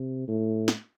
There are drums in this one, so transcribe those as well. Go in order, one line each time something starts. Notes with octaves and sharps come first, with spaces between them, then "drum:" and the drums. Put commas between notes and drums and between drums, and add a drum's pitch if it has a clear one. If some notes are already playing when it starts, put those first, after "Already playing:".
Already playing: C3
A2
drum: snare